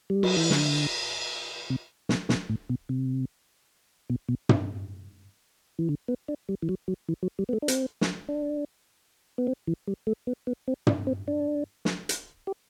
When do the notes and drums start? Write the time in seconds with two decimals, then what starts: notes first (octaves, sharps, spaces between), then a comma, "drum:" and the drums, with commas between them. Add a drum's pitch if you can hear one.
0.10 G3
0.23 F#3, drum: cymbal
0.37 E3
0.51 D3, drum: snare
1.70 C3
2.09 B2, drum: snare
2.29 B2, drum: snare
2.49 A2
2.69 B2
2.89 C3
4.10 B2
4.29 B2
4.49 C3, drum: tom
5.79 E3
5.89 D3
6.08 B3
6.28 D4
6.49 G3
6.62 E3
6.69 F#3
6.88 F#3
7.09 E3
7.23 F#3
7.39 G3
7.49 B3
7.53 A3
7.62 D4
7.68 C4, drum: hi-hat
8.01 drum: snare
8.29 D4
9.38 B3
9.47 C4
9.67 E3
9.88 G3
10.07 A3
10.27 B3
10.47 B3
10.68 C4
10.87 D4, drum: tom
11.07 C4
11.28 D4
11.85 drum: snare
12.09 drum: hi-hat
12.47 G4